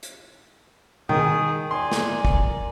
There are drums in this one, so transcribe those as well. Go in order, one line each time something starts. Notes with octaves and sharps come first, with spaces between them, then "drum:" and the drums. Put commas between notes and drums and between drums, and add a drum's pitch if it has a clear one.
drum: hi-hat
D#3 G#4 D#6, drum: tom B2
A#4 D5 G#5 C6
drum: snare
drum: kick